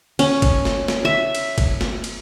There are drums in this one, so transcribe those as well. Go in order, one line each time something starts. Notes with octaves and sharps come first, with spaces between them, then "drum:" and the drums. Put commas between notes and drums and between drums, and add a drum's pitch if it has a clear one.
C#4, drum: cymbal
drum: kick, cymbal
drum: snare
drum: snare
E5
drum: cymbal
drum: kick, cymbal
drum: snare
drum: cymbal